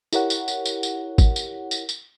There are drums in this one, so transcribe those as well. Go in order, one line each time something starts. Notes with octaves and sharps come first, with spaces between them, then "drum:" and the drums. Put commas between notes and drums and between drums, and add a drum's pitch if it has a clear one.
E4 G4 A#4 C#5 F#5, drum: tambourine
drum: tambourine
drum: tambourine
drum: tambourine
drum: tambourine
drum: kick A1, tambourine
drum: tambourine
drum: tambourine
drum: tambourine